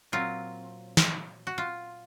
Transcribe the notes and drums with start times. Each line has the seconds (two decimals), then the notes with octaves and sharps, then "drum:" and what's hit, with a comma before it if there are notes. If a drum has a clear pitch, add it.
0.12 A#2 F#3 C4 F4
0.97 drum: snare
1.47 F#4
1.58 F4